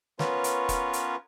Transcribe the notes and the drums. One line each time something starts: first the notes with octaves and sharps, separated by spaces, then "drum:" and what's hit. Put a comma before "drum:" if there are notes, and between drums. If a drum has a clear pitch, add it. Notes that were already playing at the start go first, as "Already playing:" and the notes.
B3 C#4 F4 A#4 B4 C#5, drum: snare
drum: hi-hat
drum: kick, hi-hat
drum: hi-hat